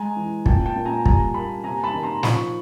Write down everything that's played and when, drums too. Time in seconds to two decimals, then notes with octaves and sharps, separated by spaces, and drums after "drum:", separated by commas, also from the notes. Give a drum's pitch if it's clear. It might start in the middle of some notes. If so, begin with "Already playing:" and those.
Already playing: G#3 G#5 A#5
0.16 E3
0.46 A#2 G5 A5, drum: kick
0.66 G5 A5
0.76 A#2
0.85 G#5 A#5
1.06 G3 G#5 A#5, drum: kick
1.34 A#3 A5 B5
1.64 C3 G#5 A#5
1.84 A5 B5
1.94 D#3
2.03 A#5 C6
2.23 F3 B5 C#6, drum: snare